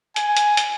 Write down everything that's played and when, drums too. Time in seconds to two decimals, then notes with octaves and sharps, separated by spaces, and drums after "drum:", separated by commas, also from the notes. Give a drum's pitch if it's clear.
0.16 G#5, drum: hi-hat
0.37 drum: hi-hat
0.57 drum: hi-hat